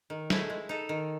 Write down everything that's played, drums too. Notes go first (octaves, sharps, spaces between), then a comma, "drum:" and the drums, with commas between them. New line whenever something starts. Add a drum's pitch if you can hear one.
D#3
A3 E4 G#4, drum: snare
G#3
D#4 A4
D#3